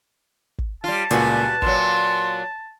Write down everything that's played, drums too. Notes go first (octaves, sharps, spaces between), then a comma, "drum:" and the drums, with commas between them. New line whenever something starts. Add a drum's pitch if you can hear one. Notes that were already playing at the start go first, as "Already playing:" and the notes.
drum: kick
G3 F4 A5
C#2 A#2 G3 B3 F#4 G#5, drum: hi-hat
A#2 F#3 C6 E7, drum: kick